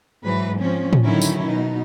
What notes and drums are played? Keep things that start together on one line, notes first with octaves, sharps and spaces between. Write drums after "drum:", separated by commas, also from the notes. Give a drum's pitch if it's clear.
G#2 E3 F#3 B4
F3 C4 C#4
drum: tom A2
D3 D#3 F#3 C#4 D#4 E4
drum: tambourine
B2 D#4